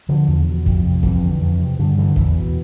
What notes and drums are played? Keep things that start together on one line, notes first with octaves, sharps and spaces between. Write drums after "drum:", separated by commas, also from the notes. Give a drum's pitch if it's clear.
D3 F3
E2
B2
F2, drum: kick
C3
F2 E3, drum: kick
D3
F2
C3
G2 D3
D3 E3
E2 E3, drum: kick
B2